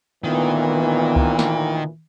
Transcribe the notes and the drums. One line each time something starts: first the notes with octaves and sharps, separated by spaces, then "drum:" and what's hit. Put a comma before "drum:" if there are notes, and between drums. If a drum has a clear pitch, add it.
D2 A#2 D#3 E3 B3
drum: kick C2
drum: snare